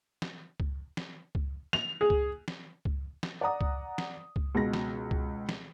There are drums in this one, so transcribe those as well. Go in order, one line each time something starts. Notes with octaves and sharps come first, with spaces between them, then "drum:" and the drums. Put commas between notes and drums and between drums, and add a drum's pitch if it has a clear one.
drum: snare
drum: kick C#2
drum: snare
drum: kick C#2
F7, drum: snare
G#4
drum: kick C#2
drum: snare
drum: kick C#2
drum: snare
D5 F#5 A#5 D#6
drum: kick C#2
drum: snare
drum: kick C#2
C#2 B2 A#6
drum: snare
drum: kick C#2
drum: snare